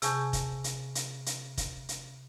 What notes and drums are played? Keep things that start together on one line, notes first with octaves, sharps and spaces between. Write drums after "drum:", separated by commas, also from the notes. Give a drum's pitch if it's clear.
C3 G#4 G#5 A5 C#6 G6, drum: hi-hat
drum: kick, hi-hat
drum: hi-hat
drum: hi-hat
drum: hi-hat
drum: kick, hi-hat
drum: hi-hat